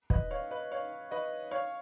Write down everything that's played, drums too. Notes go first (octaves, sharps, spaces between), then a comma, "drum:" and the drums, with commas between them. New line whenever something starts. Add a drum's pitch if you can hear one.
B4 D#5, drum: kick
C#5 F5
B4 D#5
C#5 F5
B4 D#5
C#5 F5